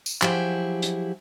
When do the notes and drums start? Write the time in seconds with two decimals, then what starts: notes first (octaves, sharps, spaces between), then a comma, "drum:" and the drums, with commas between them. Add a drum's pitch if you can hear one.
0.06 drum: tambourine
0.22 F3 F#3 E4 G4 G#4, drum: clap
0.82 drum: hi-hat